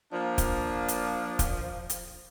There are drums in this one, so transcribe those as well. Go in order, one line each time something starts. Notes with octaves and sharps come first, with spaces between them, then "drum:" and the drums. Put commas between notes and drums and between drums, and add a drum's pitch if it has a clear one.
F3 A#3 D4
drum: kick, hi-hat
drum: hi-hat
drum: kick, hi-hat
drum: hi-hat